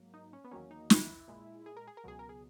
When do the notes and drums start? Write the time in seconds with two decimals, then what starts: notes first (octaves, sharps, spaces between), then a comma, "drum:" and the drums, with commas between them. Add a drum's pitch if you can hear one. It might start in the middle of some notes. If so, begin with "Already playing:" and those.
Already playing: G#2 F#3 A#3
0.14 D#4
0.33 C#4
0.44 B3
0.51 E2 D#3 F#3 A#3 C#4
0.71 D#4
0.90 E4, drum: snare
1.28 A#2 G#3
1.66 G#4
1.77 A#4
1.87 G#4
1.97 A#4
2.04 C#2 B2 F#3 G#4
2.19 A#4
2.29 G#4